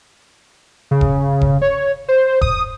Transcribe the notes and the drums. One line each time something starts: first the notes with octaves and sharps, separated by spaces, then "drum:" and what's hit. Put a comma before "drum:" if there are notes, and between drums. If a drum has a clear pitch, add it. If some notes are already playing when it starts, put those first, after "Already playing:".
C#3
drum: kick E1
drum: kick E1
C#5
C5
D#6, drum: kick E1